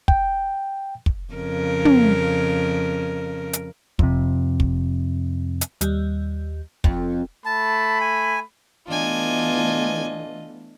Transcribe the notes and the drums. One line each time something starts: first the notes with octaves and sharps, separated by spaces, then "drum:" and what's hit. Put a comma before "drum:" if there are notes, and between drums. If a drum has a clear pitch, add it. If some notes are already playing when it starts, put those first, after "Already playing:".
G5, drum: kick
drum: kick
F2 C#3 A#4
drum: tom
drum: hi-hat
F2 C3, drum: kick
drum: kick
drum: hi-hat
D#2 G3, drum: hi-hat
F2, drum: kick
A3 A5 B5
G#5
E3 A3 B3 D4 F4 D#5 G#5